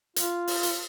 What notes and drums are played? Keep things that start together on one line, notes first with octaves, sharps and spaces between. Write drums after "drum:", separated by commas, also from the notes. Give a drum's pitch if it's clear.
F4, drum: hi-hat
drum: open hi-hat
drum: hi-hat